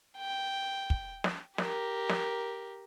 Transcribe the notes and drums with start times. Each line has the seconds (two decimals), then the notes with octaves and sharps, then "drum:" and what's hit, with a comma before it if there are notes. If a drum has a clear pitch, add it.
0.17 G5
0.90 drum: kick
1.24 drum: snare
1.58 G4 A#4, drum: snare
2.09 drum: snare